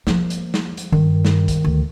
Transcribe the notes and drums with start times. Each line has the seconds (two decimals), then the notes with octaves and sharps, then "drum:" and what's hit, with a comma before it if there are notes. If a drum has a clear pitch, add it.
0.07 F3 A#3, drum: snare
0.30 drum: hi-hat
0.54 drum: snare
0.77 drum: hi-hat
0.92 G2 D#3
1.25 drum: snare
1.48 drum: kick, hi-hat
1.64 D2